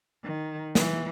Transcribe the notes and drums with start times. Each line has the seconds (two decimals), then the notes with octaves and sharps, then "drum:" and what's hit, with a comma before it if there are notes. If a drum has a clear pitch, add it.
0.24 D#3
0.75 E3, drum: snare